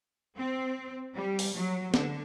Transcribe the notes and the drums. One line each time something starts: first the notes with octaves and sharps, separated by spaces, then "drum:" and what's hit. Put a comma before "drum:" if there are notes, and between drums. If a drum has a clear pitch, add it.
C4
G3
drum: open hi-hat
F#3
D3, drum: snare